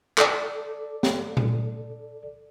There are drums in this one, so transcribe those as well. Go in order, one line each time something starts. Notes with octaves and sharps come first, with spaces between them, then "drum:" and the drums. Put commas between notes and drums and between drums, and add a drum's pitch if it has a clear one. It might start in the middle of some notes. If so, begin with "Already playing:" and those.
A4 D5, drum: clap
drum: snare
drum: tom A#2